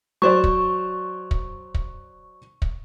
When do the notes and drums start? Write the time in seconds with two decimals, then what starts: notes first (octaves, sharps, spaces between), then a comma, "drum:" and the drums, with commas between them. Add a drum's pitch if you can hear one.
0.22 F#3 C5 D5 C#6
0.44 drum: kick
1.31 drum: kick
1.74 drum: kick
2.62 drum: kick